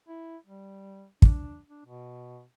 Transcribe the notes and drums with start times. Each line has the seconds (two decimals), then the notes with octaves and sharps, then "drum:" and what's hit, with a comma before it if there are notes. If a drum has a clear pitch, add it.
0.08 E4
0.47 G3
1.22 D4, drum: kick
1.69 D4
1.85 B2